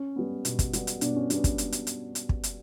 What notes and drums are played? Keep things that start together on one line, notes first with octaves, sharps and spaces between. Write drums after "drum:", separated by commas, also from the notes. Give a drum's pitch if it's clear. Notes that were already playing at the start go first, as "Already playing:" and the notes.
Already playing: C#4
G3 B3
B2, drum: hi-hat
drum: kick, hi-hat
G3 B3, drum: hi-hat
drum: hi-hat
B2 D4, drum: hi-hat
C#4
G3 B3 D4, drum: hi-hat
drum: kick, hi-hat
drum: hi-hat
drum: hi-hat
drum: hi-hat
drum: hi-hat
drum: kick
drum: hi-hat